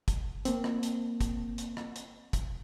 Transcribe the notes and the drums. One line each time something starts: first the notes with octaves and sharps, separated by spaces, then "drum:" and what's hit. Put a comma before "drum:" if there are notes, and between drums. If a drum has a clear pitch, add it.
drum: kick, hi-hat
A#3 C4, drum: hi-hat
drum: rim click
drum: hi-hat
drum: kick, hi-hat
drum: hi-hat
drum: rim click
drum: hi-hat
drum: kick, hi-hat